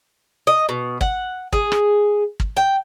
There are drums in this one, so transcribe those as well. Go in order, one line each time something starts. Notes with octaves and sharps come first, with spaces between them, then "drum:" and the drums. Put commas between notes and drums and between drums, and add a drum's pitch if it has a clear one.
D#5
B2
F#5, drum: kick
G#4, drum: kick
drum: rim click
drum: kick
G5